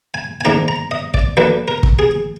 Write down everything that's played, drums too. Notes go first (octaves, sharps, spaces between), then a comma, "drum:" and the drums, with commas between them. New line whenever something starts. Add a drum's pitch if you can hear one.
G#5
G#5
G#2 D#3 A#3 D4 A#5
A#5
D#5
D5, drum: kick
D3 F#3 A#3 D4 B4
A#4
drum: kick
G#4